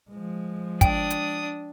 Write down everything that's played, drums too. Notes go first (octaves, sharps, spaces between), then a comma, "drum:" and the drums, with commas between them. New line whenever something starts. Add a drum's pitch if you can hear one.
F3 G#3
D4 G5 D#6, drum: kick, hi-hat
drum: hi-hat